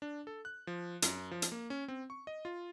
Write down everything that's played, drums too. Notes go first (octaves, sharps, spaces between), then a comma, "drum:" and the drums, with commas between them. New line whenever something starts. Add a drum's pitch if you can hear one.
D4
A4
F#6
F3
F#2, drum: hi-hat
F3
drum: hi-hat
A#3
C#4
C4
C#6
D#5
F4